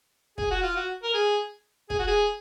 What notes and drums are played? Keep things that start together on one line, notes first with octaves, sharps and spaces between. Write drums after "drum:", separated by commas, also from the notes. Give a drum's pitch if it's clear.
G#4, drum: kick
F#4
F4
F#4
A#4
G#4
G#4, drum: kick
F#4
G#4